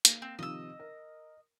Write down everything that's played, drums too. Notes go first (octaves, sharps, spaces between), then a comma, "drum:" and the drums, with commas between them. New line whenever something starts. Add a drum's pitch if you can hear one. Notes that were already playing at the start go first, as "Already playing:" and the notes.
A#3 A#6, drum: hi-hat
C4
C3 D#3 F3 D#5 E6
A#4